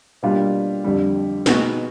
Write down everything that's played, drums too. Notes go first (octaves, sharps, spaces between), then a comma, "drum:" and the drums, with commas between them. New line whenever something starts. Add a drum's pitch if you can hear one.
B2 G3 A#3 D4 F4
F2 D3 G3
B2 G#3 B3 D#4 F#4, drum: snare